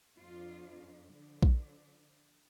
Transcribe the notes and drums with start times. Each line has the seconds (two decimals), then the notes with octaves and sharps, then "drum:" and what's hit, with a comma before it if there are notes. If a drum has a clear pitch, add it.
0.18 F2 F3 D4 F4
1.12 D3 F3 D4
1.43 drum: kick A#1